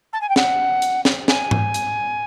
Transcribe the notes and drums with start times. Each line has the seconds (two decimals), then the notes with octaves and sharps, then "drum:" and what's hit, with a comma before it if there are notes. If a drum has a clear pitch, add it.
0.13 A5
0.21 G#5
0.29 G5
0.36 F#5, drum: snare
0.82 drum: hi-hat
1.05 drum: snare
1.28 G#5, drum: snare
1.51 drum: tom G#2
1.74 drum: hi-hat